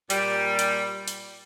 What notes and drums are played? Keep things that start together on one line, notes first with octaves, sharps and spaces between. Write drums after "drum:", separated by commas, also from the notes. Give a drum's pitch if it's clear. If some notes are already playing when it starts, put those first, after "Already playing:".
A#2 G3, drum: hi-hat
drum: hi-hat
drum: hi-hat